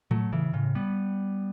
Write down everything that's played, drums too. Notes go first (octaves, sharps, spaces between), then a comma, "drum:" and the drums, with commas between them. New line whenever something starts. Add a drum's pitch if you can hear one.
F#3 A3, drum: tom A2
C#3 E3
A2 C#3
G3 B3